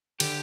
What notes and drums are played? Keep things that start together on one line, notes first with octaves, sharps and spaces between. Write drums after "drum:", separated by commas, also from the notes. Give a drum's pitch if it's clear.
D3 G4, drum: cymbal